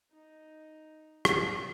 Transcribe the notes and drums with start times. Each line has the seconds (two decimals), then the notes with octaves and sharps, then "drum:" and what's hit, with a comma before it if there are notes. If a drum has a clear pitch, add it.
0.12 D#4
1.25 drum: rim click